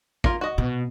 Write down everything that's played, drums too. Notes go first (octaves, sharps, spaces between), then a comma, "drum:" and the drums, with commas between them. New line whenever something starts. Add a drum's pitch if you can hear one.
A#3 F4, drum: kick
F#4 D#5
B2